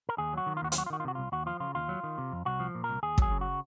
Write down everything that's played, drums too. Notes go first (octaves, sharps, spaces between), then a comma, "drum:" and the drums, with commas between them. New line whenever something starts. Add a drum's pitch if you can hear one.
A#4
D#2 G#4
F#3 F#4
D#3
F4
D#2 F#4
F4, drum: hi-hat
F#3 F#4
F4
D#3 F#4
F4
C3 F#4
C2 F4
D#2 F#4
F3 F4
C#3 F4
D#2 F4
F#3
D#3
C3
F2
C2 F#4
F3
A#2
A#4
C2
D#2 G#4
F#3 G#4, drum: kick
C#3
F#4